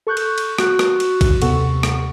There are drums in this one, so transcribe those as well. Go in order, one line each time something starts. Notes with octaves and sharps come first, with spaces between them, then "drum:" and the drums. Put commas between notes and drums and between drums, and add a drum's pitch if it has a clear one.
A4 C#6 F#6 G6
drum: cymbal
drum: cymbal
F#4 C#6 F#6, drum: rim click
drum: rim click
drum: cymbal
drum: kick A1, cymbal
D#2 C3 B3 A4 F#5 C#6, drum: cymbal
drum: rim click